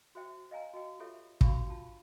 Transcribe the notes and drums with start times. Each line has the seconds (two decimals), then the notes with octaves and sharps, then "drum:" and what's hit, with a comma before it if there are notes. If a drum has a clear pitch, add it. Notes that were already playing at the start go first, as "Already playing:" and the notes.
0.15 F#4 C5 E5 G5
0.51 D#5 F5 G5 G#5 A#5
0.73 F#4 D#5 G5
0.99 F4 G4 A4 C#5 E5
1.41 D4 F#4 F5 G5 B5 C#6, drum: kick
1.70 F4 A5